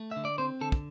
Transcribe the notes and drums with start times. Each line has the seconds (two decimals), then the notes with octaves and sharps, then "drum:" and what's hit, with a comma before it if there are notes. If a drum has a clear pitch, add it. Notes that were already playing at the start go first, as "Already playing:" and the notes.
Already playing: A3
0.11 D3 E5
0.25 D5
0.38 C4 C5
0.61 D3 A4
0.72 drum: kick